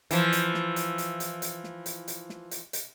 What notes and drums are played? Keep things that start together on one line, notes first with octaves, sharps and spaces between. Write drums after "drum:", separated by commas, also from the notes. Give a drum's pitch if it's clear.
E3 F3, drum: hi-hat
drum: hi-hat
drum: snare
drum: hi-hat
drum: hi-hat
drum: hi-hat
drum: hi-hat
drum: snare
drum: hi-hat
drum: hi-hat
drum: snare
drum: hi-hat
drum: hi-hat